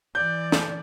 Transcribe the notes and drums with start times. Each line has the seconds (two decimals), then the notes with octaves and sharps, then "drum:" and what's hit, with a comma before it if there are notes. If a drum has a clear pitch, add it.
0.15 E3 D5 G6
0.52 drum: snare